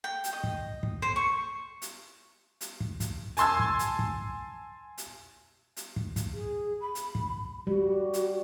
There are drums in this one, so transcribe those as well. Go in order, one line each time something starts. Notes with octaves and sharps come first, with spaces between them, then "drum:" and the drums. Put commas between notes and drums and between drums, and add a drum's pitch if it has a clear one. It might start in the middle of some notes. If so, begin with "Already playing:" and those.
G5
drum: hi-hat
D#5
drum: kick
drum: kick
C5
C#6
drum: hi-hat
drum: hi-hat
drum: kick
drum: kick, hi-hat
G#5 A5 C6 E6 G#6, drum: hi-hat
drum: kick
drum: hi-hat
drum: kick
drum: hi-hat
drum: hi-hat
drum: kick
drum: kick, hi-hat
G#4
B5
drum: hi-hat
drum: kick
G3 F#4
drum: hi-hat